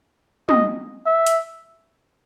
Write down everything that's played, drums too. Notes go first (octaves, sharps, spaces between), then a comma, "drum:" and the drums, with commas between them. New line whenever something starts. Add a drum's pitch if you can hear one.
D#5, drum: tom
E5
drum: hi-hat